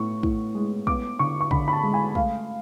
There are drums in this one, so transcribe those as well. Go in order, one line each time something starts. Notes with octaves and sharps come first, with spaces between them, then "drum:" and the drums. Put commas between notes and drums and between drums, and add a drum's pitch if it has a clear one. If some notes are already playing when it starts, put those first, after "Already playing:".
Already playing: A2 B3 C#6
A2, drum: kick
G#3
B3 D6, drum: kick
D3 C#6
C#6
D3 B5, drum: kick
B5
A5
G#3
G#5
A3 F5, drum: kick